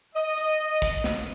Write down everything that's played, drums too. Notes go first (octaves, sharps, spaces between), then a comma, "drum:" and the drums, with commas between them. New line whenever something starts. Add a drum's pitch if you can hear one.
D#5
drum: hi-hat
drum: kick, hi-hat
drum: snare